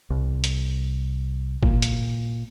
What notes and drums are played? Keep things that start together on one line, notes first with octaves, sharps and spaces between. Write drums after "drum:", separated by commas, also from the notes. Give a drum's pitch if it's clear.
C2
drum: hi-hat
A#2, drum: kick
drum: hi-hat